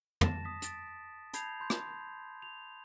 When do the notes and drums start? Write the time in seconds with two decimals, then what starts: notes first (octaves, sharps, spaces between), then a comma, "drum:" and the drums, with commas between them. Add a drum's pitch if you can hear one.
0.21 A5 A6 A#6 E7, drum: tom
0.45 D#6 B6
0.62 A6 B6 D7, drum: hi-hat
1.33 A5 B5 G6 G#6 C7 F7, drum: hi-hat
1.60 B5 C6 G6
1.70 drum: rim click
2.42 F7